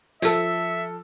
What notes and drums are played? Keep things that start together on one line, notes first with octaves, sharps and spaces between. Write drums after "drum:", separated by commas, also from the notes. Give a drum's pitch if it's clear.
F3 A4 E5, drum: hi-hat